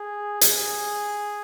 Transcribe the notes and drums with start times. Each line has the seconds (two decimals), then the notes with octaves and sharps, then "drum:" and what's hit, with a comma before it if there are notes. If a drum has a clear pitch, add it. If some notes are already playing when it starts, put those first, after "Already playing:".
Already playing: G#4
0.41 G#4, drum: hi-hat